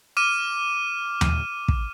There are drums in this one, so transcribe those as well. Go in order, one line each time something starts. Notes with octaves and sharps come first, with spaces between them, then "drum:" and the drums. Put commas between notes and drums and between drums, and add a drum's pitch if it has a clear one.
D6 F6 D#7
drum: tom D#2
drum: kick